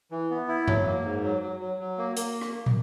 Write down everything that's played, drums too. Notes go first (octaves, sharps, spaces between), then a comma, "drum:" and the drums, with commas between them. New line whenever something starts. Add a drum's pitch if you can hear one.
E3
B3
E4
F#3, drum: tom F#2
A#3
G#2
F#3
F#3
F#3
F#3
A#3
A#3, drum: hi-hat
drum: rim click
drum: tom